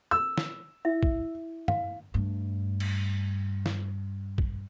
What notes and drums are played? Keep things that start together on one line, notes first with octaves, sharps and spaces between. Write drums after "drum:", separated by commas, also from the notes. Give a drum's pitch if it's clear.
E6
drum: snare
E4 E5
drum: kick
F5, drum: tom
G2 A3
drum: cymbal
drum: snare
drum: kick